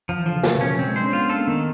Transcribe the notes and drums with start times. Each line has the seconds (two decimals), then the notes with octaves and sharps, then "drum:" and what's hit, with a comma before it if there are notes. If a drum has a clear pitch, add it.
0.09 F3
0.17 E3
0.26 D3 F3
0.35 C#3
0.43 A3, drum: snare
0.55 B2
0.61 C#4
0.67 F3
0.78 F#3 C4
0.87 G#3
0.95 D4 C5
1.04 C#4
1.13 B3 F4
1.25 B3
1.30 A4
1.36 A#3
1.47 D#3 B3